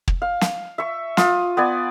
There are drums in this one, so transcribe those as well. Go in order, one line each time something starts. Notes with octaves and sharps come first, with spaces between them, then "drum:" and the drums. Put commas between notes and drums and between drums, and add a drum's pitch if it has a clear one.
drum: kick
F5
drum: snare
E5 C#6
F4 D#6, drum: snare
B3 D5 G#5